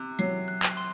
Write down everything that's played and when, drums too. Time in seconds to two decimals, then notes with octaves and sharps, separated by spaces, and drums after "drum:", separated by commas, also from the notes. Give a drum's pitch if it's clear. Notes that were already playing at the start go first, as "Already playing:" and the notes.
Already playing: C3 F#6
0.19 F#3 C7, drum: hi-hat
0.48 F#6
0.63 drum: clap
0.77 C6